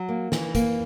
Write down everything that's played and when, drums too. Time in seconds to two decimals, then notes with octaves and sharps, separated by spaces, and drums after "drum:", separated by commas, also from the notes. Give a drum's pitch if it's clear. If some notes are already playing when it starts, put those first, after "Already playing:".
Already playing: F#3
0.09 A#3
0.32 E3, drum: snare
0.55 A#3, drum: kick, hi-hat